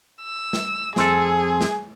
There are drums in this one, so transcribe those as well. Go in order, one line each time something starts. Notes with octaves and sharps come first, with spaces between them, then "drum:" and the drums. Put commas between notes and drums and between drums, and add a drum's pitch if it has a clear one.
E6
drum: snare
F2 C4 G#4 A4, drum: snare
drum: snare